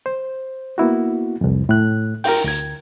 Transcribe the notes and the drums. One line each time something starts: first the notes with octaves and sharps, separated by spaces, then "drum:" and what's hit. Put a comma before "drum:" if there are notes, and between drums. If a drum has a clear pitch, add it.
C5
A#3 B3 E4 F#4
C2 F2
A2 F#6
A#4 G5, drum: open hi-hat
D2 G#6